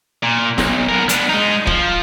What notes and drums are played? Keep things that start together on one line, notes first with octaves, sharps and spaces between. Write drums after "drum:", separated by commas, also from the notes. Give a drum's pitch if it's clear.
A#2
B1, drum: snare
B3 A#4
B3 D4, drum: hi-hat
G#3 D#4
F3, drum: kick